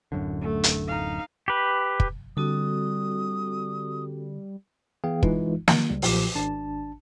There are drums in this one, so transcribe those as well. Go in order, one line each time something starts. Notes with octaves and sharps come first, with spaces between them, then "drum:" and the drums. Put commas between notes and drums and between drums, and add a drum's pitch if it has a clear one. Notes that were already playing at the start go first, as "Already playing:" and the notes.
D1 F#2 D3
A3
drum: hi-hat
D#4 F5
G4 B4
drum: kick
D3 G3 C4 F#4 A4 D#6
E3 B3 G#4 F5 G5
E3 G#3 D#4 F4, drum: kick
D#3, drum: snare
C#2 C#3 G3
B1 A#2 F3 F4 G4 D6, drum: open hi-hat
G#1 D4 A5